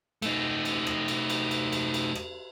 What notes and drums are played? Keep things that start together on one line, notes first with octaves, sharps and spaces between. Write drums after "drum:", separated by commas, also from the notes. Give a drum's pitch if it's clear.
A3 D#4, drum: cymbal
drum: cymbal
drum: rim click
drum: cymbal
drum: cymbal
drum: cymbal
drum: cymbal
drum: cymbal
drum: rim click